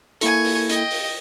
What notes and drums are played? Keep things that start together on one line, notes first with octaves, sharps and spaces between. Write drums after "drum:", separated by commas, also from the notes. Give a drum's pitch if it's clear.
A#3 E4 A4 G#5 C#6, drum: hi-hat
drum: open hi-hat
D#5 G5, drum: hi-hat
drum: open hi-hat